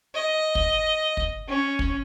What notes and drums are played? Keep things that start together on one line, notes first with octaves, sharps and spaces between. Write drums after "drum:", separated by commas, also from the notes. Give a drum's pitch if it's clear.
D#5
drum: kick
drum: kick
C#4
drum: kick